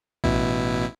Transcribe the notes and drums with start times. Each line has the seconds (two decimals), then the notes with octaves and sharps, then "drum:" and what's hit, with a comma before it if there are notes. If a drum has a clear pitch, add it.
0.24 A1 B2 E4, drum: kick A1